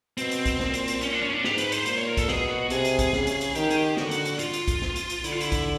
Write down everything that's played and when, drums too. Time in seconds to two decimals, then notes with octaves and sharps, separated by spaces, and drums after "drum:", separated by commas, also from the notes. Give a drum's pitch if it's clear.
0.18 B2 C4, drum: hi-hat
0.32 drum: hi-hat
0.46 drum: kick B1, hi-hat
0.60 A#2, drum: snare
0.74 drum: hi-hat
0.88 drum: hi-hat
1.01 C#4, drum: hi-hat
1.12 D4
1.22 C#4
1.33 D4
1.44 G#2 G4, drum: snare
1.58 B4, drum: hi-hat
1.72 C5, drum: hi-hat
1.86 A#2 C5, drum: hi-hat
1.97 C#5
2.07 A#4
2.17 A4, drum: kick B1, hi-hat
2.28 B2 G#4, drum: snare
2.50 F#4
2.70 C3 G#4, drum: hi-hat
2.85 drum: hi-hat
2.99 drum: kick B1, hi-hat
3.13 C#3, drum: snare
3.27 drum: hi-hat
3.41 drum: hi-hat
3.55 D#3 G4, drum: hi-hat
3.70 G#4, drum: hi-hat
3.77 G4
3.97 D3 F#4, drum: snare
4.11 drum: hi-hat
4.25 drum: hi-hat
4.39 F4, drum: hi-hat
4.54 drum: hi-hat
4.68 drum: kick B1, hi-hat
4.82 drum: snare
4.96 drum: hi-hat
5.10 drum: hi-hat
5.24 D3 E4, drum: hi-hat
5.32 F4
5.41 E4, drum: hi-hat
5.52 drum: kick B1, hi-hat